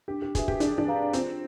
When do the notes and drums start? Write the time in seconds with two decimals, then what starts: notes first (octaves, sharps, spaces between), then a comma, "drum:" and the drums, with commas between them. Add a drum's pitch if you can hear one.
0.08 D4 G4
0.22 G4
0.35 F#4 G#4 B4 E5, drum: kick, hi-hat
0.48 G4, drum: kick
0.60 D4 G#4, drum: hi-hat
0.78 D4
0.87 B4 D5 F5 A#5
1.13 C4 F4, drum: hi-hat